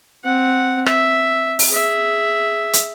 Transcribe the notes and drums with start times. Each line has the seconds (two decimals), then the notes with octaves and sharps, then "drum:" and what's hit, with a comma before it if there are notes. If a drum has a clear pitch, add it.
0.24 C4 F#5
0.86 E5, drum: rim click
1.59 drum: open hi-hat
1.69 G#4 E5
2.73 drum: hi-hat